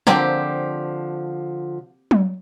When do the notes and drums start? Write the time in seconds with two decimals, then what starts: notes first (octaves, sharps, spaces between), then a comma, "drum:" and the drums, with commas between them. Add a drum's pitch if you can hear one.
0.07 D3 F3 A#3 C4 G4, drum: snare
2.11 drum: tom F#3